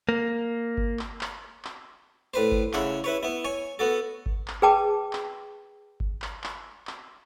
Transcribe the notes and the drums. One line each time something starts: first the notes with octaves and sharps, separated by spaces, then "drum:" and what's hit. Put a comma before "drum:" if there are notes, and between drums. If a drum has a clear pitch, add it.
A#3
drum: kick G1
drum: clap
drum: clap
drum: clap
A2 B4 C5
drum: kick G1
C#3 E4 F#5, drum: clap
E4 B4 C#5
B3 E4
C#5 G#5
B3 F#4 A4
drum: kick G1
drum: clap
G#4 B4 G5 A5 D6
drum: clap
drum: kick G1
drum: clap
drum: clap
drum: clap